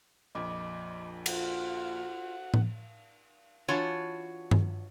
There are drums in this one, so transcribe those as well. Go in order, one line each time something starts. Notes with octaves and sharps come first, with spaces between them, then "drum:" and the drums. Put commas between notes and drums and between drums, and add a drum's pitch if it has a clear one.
A#1 F2 A#2 D#5 B5 D6
F4 F#4 A4 C5 F#5, drum: cymbal
drum: tom A2
E3 D4 F4 F#4 C#5 A5
drum: tom G2